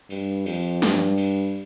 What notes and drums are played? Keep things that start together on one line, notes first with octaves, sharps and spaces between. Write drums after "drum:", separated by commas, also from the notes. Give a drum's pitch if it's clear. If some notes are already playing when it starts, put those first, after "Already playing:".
G2, drum: cymbal
F2, drum: cymbal
G2, drum: snare
drum: cymbal